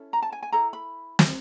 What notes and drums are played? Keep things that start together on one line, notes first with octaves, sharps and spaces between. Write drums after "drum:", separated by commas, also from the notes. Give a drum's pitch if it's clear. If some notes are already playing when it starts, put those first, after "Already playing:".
Already playing: C#4 E4 A4
A#5
A5
G#5
G#5
E4 A4 A#5
B5
drum: snare